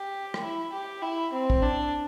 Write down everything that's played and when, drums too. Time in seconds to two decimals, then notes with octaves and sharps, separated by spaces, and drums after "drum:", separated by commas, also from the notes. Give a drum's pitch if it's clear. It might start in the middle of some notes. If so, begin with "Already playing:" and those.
Already playing: G4
0.34 drum: rim click
0.43 E4
0.73 G4
1.02 E4
1.33 C4
1.50 drum: kick
1.62 D4